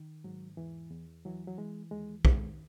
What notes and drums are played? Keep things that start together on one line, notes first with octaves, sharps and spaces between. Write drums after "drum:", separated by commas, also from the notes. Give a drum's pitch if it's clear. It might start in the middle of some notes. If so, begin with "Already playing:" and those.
Already playing: D#3
G#2 F#3
E2 E3
E2
E3 F#3
F#3
E3 G#3
D#2 G#3
D#3 G#3, drum: kick B1